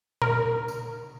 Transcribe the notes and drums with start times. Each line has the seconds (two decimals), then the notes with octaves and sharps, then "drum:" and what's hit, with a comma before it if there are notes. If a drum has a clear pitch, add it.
0.22 A#4, drum: tom A#2
0.68 drum: tambourine